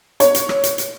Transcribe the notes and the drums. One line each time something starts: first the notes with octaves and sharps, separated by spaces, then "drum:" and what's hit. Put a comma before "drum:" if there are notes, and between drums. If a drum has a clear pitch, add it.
C#5, drum: hi-hat
drum: hi-hat
drum: rim click
drum: hi-hat
drum: hi-hat